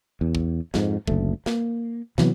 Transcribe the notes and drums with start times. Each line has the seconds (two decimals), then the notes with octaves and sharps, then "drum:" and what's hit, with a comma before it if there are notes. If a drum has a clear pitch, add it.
0.21 E2
0.35 drum: kick
0.74 F2 G#2, drum: snare
1.07 F#1 D2 A3, drum: kick
1.46 A#3, drum: snare
2.18 C3 E3 F#3 B3, drum: snare